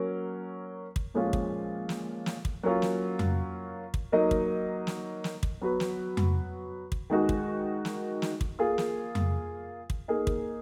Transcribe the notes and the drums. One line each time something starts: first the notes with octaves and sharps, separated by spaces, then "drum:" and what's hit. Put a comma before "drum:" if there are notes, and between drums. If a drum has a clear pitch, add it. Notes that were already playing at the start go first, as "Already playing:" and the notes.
Already playing: F#3 A#3 C#4 A#4
drum: kick
A#2 F3 G#3 C#4 F4
drum: kick
drum: snare
drum: snare
drum: kick
F#3 A#3 C#4 F4
drum: snare
drum: tom F2
drum: kick
F#3 A#3 D#4 A#4 D#5
drum: kick
drum: snare
drum: snare
drum: kick
F#3 B3 F#4 B4
drum: snare
drum: tom F2
drum: kick
D#3 G#3 D#4 F#4
drum: kick
drum: snare
drum: snare
drum: kick
A#3 F4 G#4
drum: snare
drum: tom F2
drum: kick
A#3 D#4 G#4
drum: kick